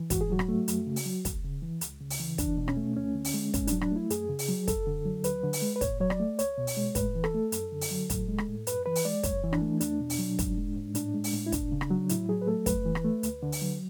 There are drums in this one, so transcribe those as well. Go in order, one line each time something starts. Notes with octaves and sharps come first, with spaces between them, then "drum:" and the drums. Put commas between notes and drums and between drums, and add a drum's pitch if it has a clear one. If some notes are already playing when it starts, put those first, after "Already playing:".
Already playing: E3
G#2 F#4, drum: kick, hi-hat
G#4
F#3 F#4
drum: rim click
A3
F#2, drum: hi-hat
C#3
drum: open hi-hat
F#3
D2, drum: kick, hi-hat
C#3
E3
C#2, drum: hi-hat
C#3
drum: open hi-hat
E3
E2 D4, drum: kick, hi-hat
B2
C#4, drum: rim click
A3
D2 C#4
D3
drum: open hi-hat
G#3
G#2 C#4, drum: kick, hi-hat
F#3 D4, drum: hi-hat
D4, drum: rim click
A3 E4
F#2 G#4, drum: hi-hat
C#3
drum: open hi-hat
F#3
F#2 A4, drum: kick, hi-hat
D3
F#3
D2 B4, drum: hi-hat
D3
drum: open hi-hat
G#3
B4
A2 C#5, drum: kick, hi-hat
F#3 C#5
D5, drum: rim click
A3
C#2 C#5, drum: hi-hat
B2
drum: open hi-hat
G#3
A2 B4, drum: kick, hi-hat
E3
A4, drum: rim click
A3
F#2, drum: hi-hat
D3
drum: open hi-hat
F#3
A2, drum: kick, hi-hat
G#3
drum: rim click
A2
F#2 B4, drum: hi-hat
E3 B4
drum: open hi-hat
G#3 D5
F#2 C#5, drum: kick, hi-hat
E3
D4, drum: rim click
A3
E2 D4, drum: hi-hat
B2
drum: open hi-hat
F#3
G#2, drum: kick, hi-hat
G#3
G#2
A2 D4, drum: hi-hat
G#3
drum: open hi-hat
A2
E4
C#2 D4, drum: kick, hi-hat
C#3
drum: rim click
F#3
A2 E4, drum: hi-hat
F#3 G#4
B4
A3 A4
F#2 B4, drum: kick, hi-hat
E3
drum: rim click
A3
D2, drum: hi-hat
D3
drum: open hi-hat
F#3